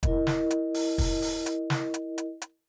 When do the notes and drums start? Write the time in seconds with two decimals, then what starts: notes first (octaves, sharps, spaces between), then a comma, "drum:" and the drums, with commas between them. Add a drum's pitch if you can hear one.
0.03 E4 A#4 D#5, drum: kick, hi-hat
0.27 drum: snare
0.51 drum: hi-hat
0.74 drum: open hi-hat
0.98 drum: kick, open hi-hat
1.22 drum: open hi-hat
1.46 drum: hi-hat
1.70 drum: snare
1.94 drum: hi-hat
2.18 drum: hi-hat
2.42 drum: hi-hat